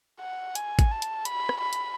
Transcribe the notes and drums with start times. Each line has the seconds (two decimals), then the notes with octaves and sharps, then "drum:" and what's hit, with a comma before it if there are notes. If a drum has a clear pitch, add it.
0.20 F#5
0.55 G#5, drum: hi-hat
0.79 drum: kick G#1, hi-hat
0.91 A5
1.02 drum: hi-hat
1.25 B5, drum: hi-hat
1.49 drum: rim click
1.61 B5
1.73 drum: hi-hat